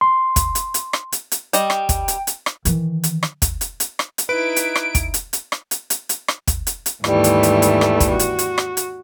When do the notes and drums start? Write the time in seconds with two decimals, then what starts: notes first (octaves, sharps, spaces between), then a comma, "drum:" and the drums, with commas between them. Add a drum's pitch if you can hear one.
0.01 C6
0.36 drum: kick, hi-hat
0.55 drum: hi-hat
0.74 drum: hi-hat
0.93 drum: rim click
1.12 drum: hi-hat
1.32 drum: hi-hat
1.53 G3 D#5 G5, drum: hi-hat
1.70 drum: rim click
1.89 drum: kick, hi-hat
2.08 drum: hi-hat
2.27 drum: hi-hat
2.46 drum: rim click
2.65 D#3 E3, drum: hi-hat
3.03 drum: hi-hat
3.23 drum: rim click
3.42 drum: kick, hi-hat
3.61 drum: hi-hat
3.80 drum: hi-hat
3.99 drum: rim click
4.18 drum: hi-hat
4.29 D#4 E4 B4 D7
4.56 drum: hi-hat
4.75 drum: rim click
4.95 drum: kick, hi-hat
5.14 drum: hi-hat
5.33 drum: hi-hat
5.52 drum: rim click
5.71 drum: hi-hat
5.90 drum: hi-hat
6.09 drum: hi-hat
6.28 drum: rim click
6.47 drum: kick, hi-hat
6.67 drum: hi-hat
6.86 drum: hi-hat
7.04 D#2 G#2 E3 G3 A3, drum: rim click
7.24 drum: hi-hat
7.43 drum: hi-hat
7.62 drum: hi-hat
7.81 drum: rim click
8.00 drum: kick, hi-hat
8.10 F#4
8.19 drum: hi-hat
8.39 drum: hi-hat
8.58 drum: rim click
8.77 drum: hi-hat